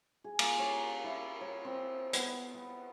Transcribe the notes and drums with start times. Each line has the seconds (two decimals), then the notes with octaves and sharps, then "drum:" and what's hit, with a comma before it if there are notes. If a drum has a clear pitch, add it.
0.24 G#4
0.39 A#3, drum: cymbal
0.59 C#5
1.04 E4
1.41 C#5
1.65 C4
2.13 B3, drum: hi-hat
2.54 B3